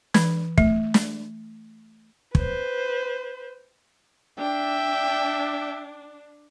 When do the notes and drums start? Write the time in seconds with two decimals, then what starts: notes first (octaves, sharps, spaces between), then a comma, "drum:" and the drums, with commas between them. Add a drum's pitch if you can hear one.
0.14 E3, drum: snare
0.58 A3, drum: kick
0.94 drum: snare
2.35 B4 C5, drum: kick
4.40 D4 E5 G5